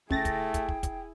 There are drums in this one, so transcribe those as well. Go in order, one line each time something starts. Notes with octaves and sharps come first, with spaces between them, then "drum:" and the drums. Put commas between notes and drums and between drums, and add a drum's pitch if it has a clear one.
C#3 A3 E4 G#4 G5 A6 A#6, drum: kick
drum: kick, hi-hat
drum: kick, hi-hat
drum: kick
drum: kick, hi-hat